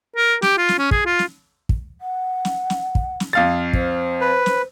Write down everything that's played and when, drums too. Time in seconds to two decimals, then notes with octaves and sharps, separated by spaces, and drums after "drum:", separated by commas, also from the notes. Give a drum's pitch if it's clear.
0.16 A#4
0.42 G4, drum: snare
0.58 F4
0.69 drum: snare
0.78 C#4
0.91 G#4, drum: kick
1.06 F4
1.19 drum: snare
1.69 drum: kick
2.00 F#5
2.45 drum: snare
2.70 drum: snare
2.95 drum: kick
3.20 drum: snare
3.33 F2 F5 A6
3.73 C5, drum: kick
4.21 B4
4.46 drum: snare